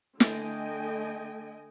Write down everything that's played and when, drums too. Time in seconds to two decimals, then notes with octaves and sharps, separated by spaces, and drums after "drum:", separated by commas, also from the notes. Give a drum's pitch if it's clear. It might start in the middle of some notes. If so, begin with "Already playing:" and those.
0.20 D3 A3 D#5 G5 G#5, drum: snare